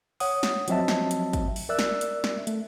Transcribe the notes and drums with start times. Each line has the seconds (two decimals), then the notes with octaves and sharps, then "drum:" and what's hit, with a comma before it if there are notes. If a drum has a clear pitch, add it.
0.20 C#5 F#5 D#6, drum: open hi-hat
0.43 drum: snare
0.68 F3 F#3 C4 D#5 E5 A5, drum: hi-hat
0.88 drum: snare
1.11 drum: hi-hat
1.33 drum: kick, hi-hat
1.56 drum: open hi-hat
1.69 A#4 D5 E5 E6 F#6
1.79 drum: snare
2.01 drum: hi-hat
2.24 drum: snare
2.47 A3, drum: hi-hat